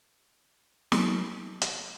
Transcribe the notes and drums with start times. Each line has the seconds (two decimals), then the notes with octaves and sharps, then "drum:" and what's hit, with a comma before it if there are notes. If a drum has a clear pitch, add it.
0.92 F#3, drum: snare
1.62 drum: hi-hat